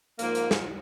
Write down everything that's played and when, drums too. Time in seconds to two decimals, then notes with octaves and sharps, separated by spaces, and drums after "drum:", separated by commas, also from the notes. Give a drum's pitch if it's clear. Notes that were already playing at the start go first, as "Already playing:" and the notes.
0.19 G#2 F3 A#3, drum: hi-hat
0.35 drum: hi-hat
0.51 drum: snare